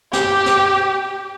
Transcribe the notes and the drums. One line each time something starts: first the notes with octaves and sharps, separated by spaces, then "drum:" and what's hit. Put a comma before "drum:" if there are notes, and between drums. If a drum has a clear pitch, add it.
G4, drum: snare
drum: snare